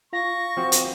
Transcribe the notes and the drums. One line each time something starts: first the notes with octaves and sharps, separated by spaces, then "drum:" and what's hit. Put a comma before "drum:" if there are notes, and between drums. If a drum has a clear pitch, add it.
F4 F5 C#6 A#6
F3 C4 F#4
drum: hi-hat